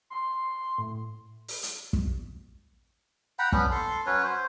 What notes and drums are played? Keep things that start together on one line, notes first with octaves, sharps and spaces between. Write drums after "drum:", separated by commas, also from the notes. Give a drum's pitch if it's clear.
C6
A2
drum: open hi-hat
drum: hi-hat
drum: kick
F#5 G5 A#5 B5
B3 C#4 D4, drum: kick
A4 C6
F#3 C#4 B4 C#5
C5